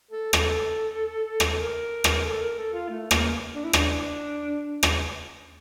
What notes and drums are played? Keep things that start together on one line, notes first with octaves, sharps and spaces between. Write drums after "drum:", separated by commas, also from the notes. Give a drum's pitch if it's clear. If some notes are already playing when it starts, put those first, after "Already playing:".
A4
A4, drum: rim click
drum: rim click
A4
A#4
drum: rim click
A4
A#4
A4
F4
A3
A#3, drum: rim click
D4
E4
D4, drum: rim click
drum: rim click